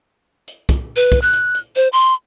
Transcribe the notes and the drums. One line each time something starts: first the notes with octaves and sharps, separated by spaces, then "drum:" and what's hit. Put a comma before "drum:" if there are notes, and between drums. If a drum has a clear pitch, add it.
drum: hi-hat
drum: kick, hi-hat
B4
drum: kick, hi-hat
F#6
drum: hi-hat
drum: hi-hat
C5, drum: hi-hat
C6